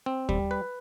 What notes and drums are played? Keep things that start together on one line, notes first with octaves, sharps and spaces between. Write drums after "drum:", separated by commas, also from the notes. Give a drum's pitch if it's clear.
C4
G3, drum: kick D#2
B4